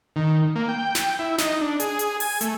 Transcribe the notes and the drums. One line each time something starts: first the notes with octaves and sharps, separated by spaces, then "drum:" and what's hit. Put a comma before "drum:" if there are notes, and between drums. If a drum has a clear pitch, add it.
D#3
A#3
G5
drum: snare
E4
D#4, drum: snare
D4
G#4, drum: hi-hat
drum: hi-hat
G#5, drum: open hi-hat
A3, drum: hi-hat